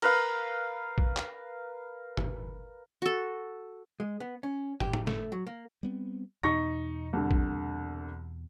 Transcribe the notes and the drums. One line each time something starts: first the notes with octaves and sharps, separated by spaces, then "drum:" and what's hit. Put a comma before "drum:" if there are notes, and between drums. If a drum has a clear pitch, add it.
A#4 B4 F5, drum: cymbal
drum: kick
drum: clap
drum: tom
F#4 A4
G#3
B3
C#4
G4, drum: tom
drum: tom
A3, drum: snare
F#3
A#3
G3 B3 C4
E2 B2 D#4 C#6 A#6
C2 D3
drum: kick